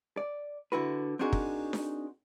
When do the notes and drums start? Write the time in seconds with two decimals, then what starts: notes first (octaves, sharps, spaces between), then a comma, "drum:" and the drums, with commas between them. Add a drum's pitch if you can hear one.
0.17 D5
0.72 D3 E4 F#4 B4
1.19 C4 D4 D#4 F#4 G#4 A#4
1.33 drum: kick
1.73 drum: snare D4